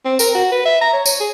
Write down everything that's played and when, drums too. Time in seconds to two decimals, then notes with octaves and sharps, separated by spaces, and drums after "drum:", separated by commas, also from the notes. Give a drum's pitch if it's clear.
0.05 C4
0.19 A#4, drum: tambourine
0.35 F#4
0.52 B4
0.65 E5
0.81 A#5
0.93 C#5
1.06 C#5, drum: tambourine
1.20 G#4